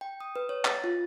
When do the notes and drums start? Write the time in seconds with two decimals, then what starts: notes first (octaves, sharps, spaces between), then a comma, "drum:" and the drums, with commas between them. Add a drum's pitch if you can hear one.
0.01 G5
0.20 D#6
0.36 B4
0.49 C#5
0.65 A6, drum: clap
0.84 F4